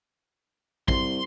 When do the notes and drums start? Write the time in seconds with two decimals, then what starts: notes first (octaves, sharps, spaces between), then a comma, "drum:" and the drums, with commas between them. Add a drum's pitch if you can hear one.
0.88 C2 C6, drum: kick A1